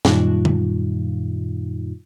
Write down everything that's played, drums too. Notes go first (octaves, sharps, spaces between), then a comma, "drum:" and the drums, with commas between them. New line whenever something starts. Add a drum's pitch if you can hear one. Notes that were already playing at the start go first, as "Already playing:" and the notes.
F#2 A#2 D#3 G3 D#4 F4, drum: snare
drum: tom